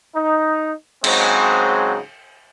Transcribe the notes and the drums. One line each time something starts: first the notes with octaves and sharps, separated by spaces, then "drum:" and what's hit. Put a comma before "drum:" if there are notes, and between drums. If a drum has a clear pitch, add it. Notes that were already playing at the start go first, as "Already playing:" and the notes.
D#4
G#2 C#3 F#3 G#3 C4, drum: cymbal